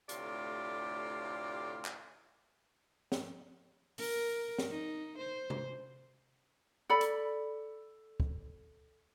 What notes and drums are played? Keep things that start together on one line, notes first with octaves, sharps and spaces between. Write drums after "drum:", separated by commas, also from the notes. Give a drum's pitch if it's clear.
D2 A2 C3 F4 G4 D5, drum: hi-hat
drum: clap
drum: snare
A#4, drum: open hi-hat
drum: snare
D#4
C5
drum: tom
A4 D5 B5
drum: hi-hat
drum: kick